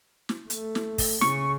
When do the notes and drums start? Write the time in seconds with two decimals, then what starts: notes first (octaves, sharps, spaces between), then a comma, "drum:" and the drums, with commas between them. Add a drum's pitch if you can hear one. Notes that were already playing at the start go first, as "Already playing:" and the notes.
0.29 drum: snare
0.50 A3, drum: hi-hat
0.75 drum: snare
0.98 drum: kick, open hi-hat
1.21 C#3 C#6, drum: snare